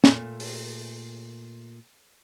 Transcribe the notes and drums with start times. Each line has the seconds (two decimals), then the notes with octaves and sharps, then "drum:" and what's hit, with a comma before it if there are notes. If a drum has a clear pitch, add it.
0.04 A#2 A3, drum: snare
0.40 drum: open hi-hat